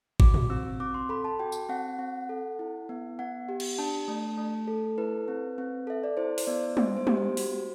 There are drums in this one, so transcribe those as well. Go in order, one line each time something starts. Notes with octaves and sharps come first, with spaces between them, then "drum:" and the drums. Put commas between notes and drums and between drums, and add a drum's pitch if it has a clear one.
F#4 D6, drum: kick
drum: tom
C4 E6
C4 D6
C6
A4 B5
A5
F#4 G5
drum: tambourine
C4 F#5
C4
A4
E4
B3
B3 F#5
G4
drum: cymbal
D4 A5
A3
A3
A4
E4 B4
C4
C4
A4 E5
D5
E4 C5
C5, drum: open hi-hat
B3 D5
B3 C5, drum: tom
C5
G4, drum: tom
C5
F#4, drum: open hi-hat